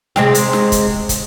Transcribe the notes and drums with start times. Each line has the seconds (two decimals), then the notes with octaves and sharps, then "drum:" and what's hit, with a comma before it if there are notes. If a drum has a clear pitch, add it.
0.16 C3 G#3 G4, drum: snare
0.34 drum: hi-hat
0.53 drum: snare
0.72 drum: kick, hi-hat
1.09 drum: kick, hi-hat